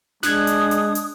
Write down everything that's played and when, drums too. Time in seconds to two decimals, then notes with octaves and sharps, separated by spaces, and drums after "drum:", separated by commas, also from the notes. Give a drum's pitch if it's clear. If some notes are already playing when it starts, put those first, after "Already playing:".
0.23 G#3 D4 D#6 F#6 G#6, drum: snare
0.47 drum: hi-hat
0.71 drum: hi-hat
0.95 drum: hi-hat